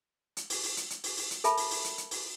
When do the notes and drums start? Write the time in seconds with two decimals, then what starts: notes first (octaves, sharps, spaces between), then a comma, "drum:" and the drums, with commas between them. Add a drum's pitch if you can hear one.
0.37 drum: hi-hat
0.50 drum: open hi-hat
0.64 drum: open hi-hat
0.77 drum: hi-hat
0.90 drum: hi-hat
1.04 drum: open hi-hat
1.17 drum: open hi-hat
1.31 drum: hi-hat
1.44 A4 A#4 E5 A5 B5, drum: hi-hat
1.58 drum: open hi-hat
1.71 drum: open hi-hat
1.84 drum: hi-hat
1.98 drum: hi-hat
2.11 drum: open hi-hat